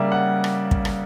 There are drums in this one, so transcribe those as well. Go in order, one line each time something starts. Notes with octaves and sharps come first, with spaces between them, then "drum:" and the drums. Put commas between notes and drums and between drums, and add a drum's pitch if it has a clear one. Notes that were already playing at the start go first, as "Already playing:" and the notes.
Already playing: C#3 G3 A#3 D5 E5
F#5
drum: rim click
drum: kick
drum: rim click